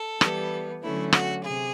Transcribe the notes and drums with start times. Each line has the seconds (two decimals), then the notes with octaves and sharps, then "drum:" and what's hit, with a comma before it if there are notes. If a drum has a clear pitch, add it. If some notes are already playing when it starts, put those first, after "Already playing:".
Already playing: A4
0.21 E3 G3 B3, drum: rim click
0.82 D3 F#3 A3 C#4 E4
1.13 F#4, drum: rim click
1.43 C3 G#4